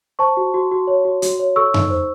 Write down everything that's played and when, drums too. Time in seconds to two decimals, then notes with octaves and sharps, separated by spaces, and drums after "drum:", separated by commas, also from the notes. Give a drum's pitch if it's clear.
0.19 C5 A5 C#6
0.37 F#4
0.54 F#4
0.71 F#4
0.87 C#5
1.05 F#4
1.22 F#4, drum: hi-hat
1.39 C#5
1.56 A4 C#6 E6
1.74 D#4, drum: tom F2
1.90 C5